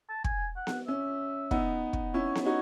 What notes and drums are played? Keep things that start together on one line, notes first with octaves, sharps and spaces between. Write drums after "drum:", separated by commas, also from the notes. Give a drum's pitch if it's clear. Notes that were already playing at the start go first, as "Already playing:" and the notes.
A5
G#5, drum: kick
F#5
drum: snare B3
C#4 E5
B3 D#4, drum: kick
drum: kick
C#4 E4 C#5
drum: snare B3
D#4 F#4 C#5